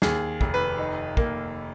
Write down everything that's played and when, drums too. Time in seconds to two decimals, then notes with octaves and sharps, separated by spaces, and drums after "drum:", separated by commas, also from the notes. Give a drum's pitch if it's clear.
0.02 D#2 G#4, drum: snare
0.41 F1, drum: kick
0.54 B4
0.78 D#4
1.17 A#3, drum: kick